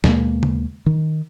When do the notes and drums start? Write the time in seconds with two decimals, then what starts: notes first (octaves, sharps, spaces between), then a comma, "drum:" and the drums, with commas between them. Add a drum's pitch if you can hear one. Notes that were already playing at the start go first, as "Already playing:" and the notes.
0.04 D#2 B2 G#3 A#3, drum: snare
0.43 drum: tom C#3
0.86 D#3